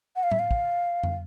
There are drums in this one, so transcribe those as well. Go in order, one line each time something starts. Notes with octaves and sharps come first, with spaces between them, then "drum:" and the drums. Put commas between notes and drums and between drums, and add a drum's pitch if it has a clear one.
F#5
F5
E5, drum: tom A2
F5
drum: kick
drum: tom F2